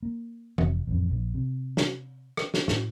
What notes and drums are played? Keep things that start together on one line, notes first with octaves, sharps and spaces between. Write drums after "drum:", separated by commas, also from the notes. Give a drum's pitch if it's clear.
A#3
F1, drum: tom
A1 F2
A#1
C3
drum: snare
drum: rim click
drum: snare
A2, drum: snare